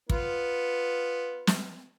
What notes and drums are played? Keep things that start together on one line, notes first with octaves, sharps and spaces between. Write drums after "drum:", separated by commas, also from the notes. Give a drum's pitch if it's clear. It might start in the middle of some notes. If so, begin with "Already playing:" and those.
B3 F4, drum: kick
drum: snare